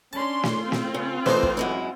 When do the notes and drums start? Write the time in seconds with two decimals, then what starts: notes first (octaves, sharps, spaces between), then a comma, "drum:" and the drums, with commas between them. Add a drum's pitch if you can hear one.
0.13 C#4 D4 A5 C6
0.43 drum: snare
0.62 C4 F4
0.72 drum: snare
0.94 C#3
1.26 E3 A3 D#4 C5, drum: snare
1.43 drum: kick
1.57 F#2 G#3 E4